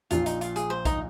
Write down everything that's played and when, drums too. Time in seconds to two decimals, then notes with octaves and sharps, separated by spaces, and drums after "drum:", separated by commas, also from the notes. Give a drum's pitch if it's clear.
0.11 A#1 A#2 F3 F4, drum: hi-hat
0.26 D#4, drum: hi-hat
0.41 F4, drum: hi-hat
0.56 G#4, drum: hi-hat
0.70 C5
0.85 D#4 D#5, drum: kick, hi-hat